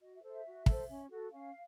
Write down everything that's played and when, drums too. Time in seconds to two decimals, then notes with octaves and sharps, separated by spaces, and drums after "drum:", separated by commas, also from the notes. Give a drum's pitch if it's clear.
0.01 F#4 D#5
0.15 E5
0.23 A4 C5
0.30 E5
0.45 F#4
0.66 A4 C5, drum: kick
0.88 C#4
1.10 F#4 A4
1.31 C#4 F5